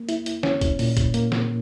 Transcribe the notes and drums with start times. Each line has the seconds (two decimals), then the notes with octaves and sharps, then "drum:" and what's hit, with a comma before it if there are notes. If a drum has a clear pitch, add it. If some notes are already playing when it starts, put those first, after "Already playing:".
Already playing: A#3
0.09 E4, drum: hi-hat
0.26 drum: hi-hat
0.43 C#4, drum: snare
0.61 drum: kick C2, hi-hat
0.79 A#2, drum: open hi-hat
0.97 drum: kick C2, hi-hat
1.14 A#3, drum: hi-hat
1.32 drum: snare